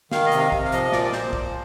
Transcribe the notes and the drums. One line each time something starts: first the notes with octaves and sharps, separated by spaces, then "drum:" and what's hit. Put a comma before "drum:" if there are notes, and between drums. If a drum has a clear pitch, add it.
D#3 F5, drum: snare
D#5
C3, drum: hi-hat
F5
C3, drum: kick A#1
F5
F3 D#5, drum: hi-hat
D#5
A#2 D5, drum: snare
D5
A#2 C5, drum: snare
F3, drum: kick A#1